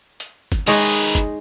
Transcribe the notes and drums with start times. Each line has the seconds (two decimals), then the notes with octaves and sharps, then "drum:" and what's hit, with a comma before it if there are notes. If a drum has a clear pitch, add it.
0.20 drum: hi-hat
0.52 drum: kick, hi-hat
0.67 D#3 G#3 D#4 B4 C#5
0.83 drum: hi-hat
1.15 drum: kick, hi-hat